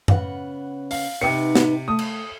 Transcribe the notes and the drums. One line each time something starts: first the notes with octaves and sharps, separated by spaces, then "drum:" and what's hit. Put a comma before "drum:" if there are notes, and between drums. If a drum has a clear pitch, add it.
C#3 B3 F#5, drum: tom F#2
F5, drum: open hi-hat
C3 B3 D#4 G5 C#7
drum: snare
A3 D#6
drum: cymbal